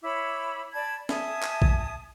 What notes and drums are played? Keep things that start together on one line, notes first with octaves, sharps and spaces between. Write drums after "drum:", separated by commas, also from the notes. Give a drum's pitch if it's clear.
E4 C#5 B5 D6
D5 A5 B5 G#6
E5 G#5 A5 D#6, drum: snare
drum: clap
drum: kick A#1